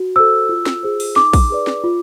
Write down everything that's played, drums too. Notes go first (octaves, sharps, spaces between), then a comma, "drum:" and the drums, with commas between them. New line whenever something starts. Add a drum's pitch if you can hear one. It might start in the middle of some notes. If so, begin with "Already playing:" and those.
Already playing: F#4
A4 C5 E6
F4
drum: snare
G#4 C5
drum: open hi-hat
D#4 D6, drum: snare
drum: kick A#1, open hi-hat
G#4 B4 D5
drum: snare
F4